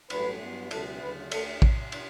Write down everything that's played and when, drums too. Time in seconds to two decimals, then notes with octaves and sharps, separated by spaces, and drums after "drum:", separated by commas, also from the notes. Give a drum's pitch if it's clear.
0.10 A1 G2 F#3 A3 B4, drum: cymbal
0.41 G2 F#3 B3
0.71 C#2 B2 F#3 A4, drum: cymbal
1.01 D2 C#3 F#3 B4
1.31 D2 D3 A3 A4, drum: cymbal
1.62 drum: kick A1
1.92 drum: cymbal